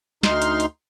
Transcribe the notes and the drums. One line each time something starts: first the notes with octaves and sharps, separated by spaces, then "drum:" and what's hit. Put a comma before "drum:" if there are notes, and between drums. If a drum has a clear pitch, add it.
D2 D#4 C6 F6, drum: snare
drum: hi-hat
drum: hi-hat